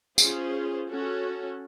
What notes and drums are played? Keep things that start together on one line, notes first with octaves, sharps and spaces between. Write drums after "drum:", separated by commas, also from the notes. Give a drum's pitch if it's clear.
C#4 F4 G#4 C5, drum: tambourine
C#4 F#4 A4